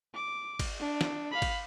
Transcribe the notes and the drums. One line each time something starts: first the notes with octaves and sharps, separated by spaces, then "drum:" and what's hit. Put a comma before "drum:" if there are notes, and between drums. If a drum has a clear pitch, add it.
D6
drum: kick, cymbal
D4
drum: snare
F5 B5
drum: kick, cymbal